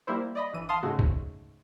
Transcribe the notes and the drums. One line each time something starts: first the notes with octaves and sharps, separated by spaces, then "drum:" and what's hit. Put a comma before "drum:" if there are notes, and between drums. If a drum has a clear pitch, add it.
G3 A#3 E4 C5
D5 D#5 B5
G1 E3 D#7
F5 A5 C6 D#6
G#2 C#3 G#3 A3 F#4
drum: kick C2